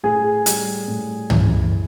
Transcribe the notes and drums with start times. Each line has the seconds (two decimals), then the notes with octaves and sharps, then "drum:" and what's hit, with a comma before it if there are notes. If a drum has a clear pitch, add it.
0.03 A2 G#4 G#5
0.46 G3, drum: hi-hat
0.88 A2
1.30 E3, drum: tom